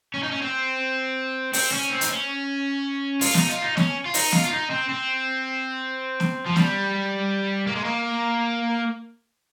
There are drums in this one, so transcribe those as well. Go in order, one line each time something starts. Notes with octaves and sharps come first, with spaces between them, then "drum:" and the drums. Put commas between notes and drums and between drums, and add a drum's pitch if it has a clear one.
C#4
D#4
C#4
C4
C4, drum: open hi-hat
C#4
C4
D#4, drum: hi-hat
C#4
F4, drum: open hi-hat
D#4, drum: snare B3
F4
D#4
C#4, drum: snare B3
F4
D#4, drum: open hi-hat
F4, drum: snare B3
F4
D#4
C4
C4
drum: snare B3
F3
G3, drum: snare B3
A#3
G#3
A#3